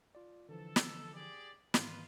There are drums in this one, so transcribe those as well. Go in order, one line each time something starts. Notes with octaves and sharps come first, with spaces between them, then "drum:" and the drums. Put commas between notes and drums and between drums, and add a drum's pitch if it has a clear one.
F4 D5
D3 E3 F3 A4
drum: snare
G4 G#4 D5
G#2 D#3 E3 F4 B4, drum: snare